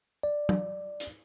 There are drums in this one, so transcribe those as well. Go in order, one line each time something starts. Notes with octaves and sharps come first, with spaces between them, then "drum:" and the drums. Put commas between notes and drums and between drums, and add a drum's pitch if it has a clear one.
D5
drum: tom F#3
drum: hi-hat